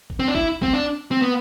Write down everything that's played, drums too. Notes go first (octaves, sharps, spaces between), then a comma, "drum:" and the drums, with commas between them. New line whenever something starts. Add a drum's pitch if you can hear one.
drum: kick G1
C4
D4
E4, drum: kick G1
C4, drum: kick G1
D4
C4
B3